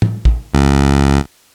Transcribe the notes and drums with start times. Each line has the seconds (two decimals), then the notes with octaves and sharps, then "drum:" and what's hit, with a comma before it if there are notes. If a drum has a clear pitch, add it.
0.02 drum: tom
0.25 drum: kick
0.54 C#2